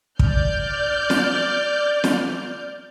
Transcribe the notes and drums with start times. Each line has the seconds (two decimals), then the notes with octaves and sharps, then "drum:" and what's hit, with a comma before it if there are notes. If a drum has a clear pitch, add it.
0.19 D5 F6 G6, drum: kick
1.10 drum: snare
2.04 drum: snare